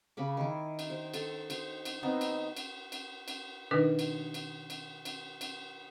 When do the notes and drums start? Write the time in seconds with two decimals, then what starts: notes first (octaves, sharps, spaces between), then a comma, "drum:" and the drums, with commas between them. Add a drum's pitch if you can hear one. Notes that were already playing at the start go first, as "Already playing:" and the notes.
0.17 C#3 B5 D6
0.37 D#3 E4
0.79 drum: cymbal
0.90 C5
1.14 A4, drum: cymbal
1.50 C5, drum: cymbal
1.85 drum: cymbal
2.03 B3 C4 D#4
2.21 drum: cymbal
2.57 drum: cymbal
2.92 drum: cymbal
3.28 drum: cymbal
3.71 B2 D#3 D4 D#4 A#4 B4
3.99 drum: cymbal
4.34 drum: cymbal
4.70 drum: cymbal
5.05 drum: cymbal
5.41 drum: cymbal